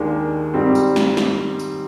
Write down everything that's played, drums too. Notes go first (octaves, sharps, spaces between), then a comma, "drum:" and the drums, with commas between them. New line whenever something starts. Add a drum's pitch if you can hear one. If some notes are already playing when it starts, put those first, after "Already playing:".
Already playing: D#2 D#3 G#3 D4
G#2 G3 C4
drum: tambourine
drum: snare
drum: snare
drum: tambourine